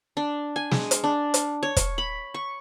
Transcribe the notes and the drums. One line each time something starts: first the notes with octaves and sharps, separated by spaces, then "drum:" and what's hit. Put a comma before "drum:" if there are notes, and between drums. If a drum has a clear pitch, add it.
D4
G#5
G#3, drum: snare
drum: hi-hat
D4
drum: hi-hat
C#5
drum: kick, hi-hat
B5
C#6